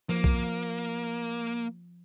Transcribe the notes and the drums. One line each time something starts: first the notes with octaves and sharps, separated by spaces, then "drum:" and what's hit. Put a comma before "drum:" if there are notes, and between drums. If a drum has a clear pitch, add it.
F3 A#3
drum: kick B1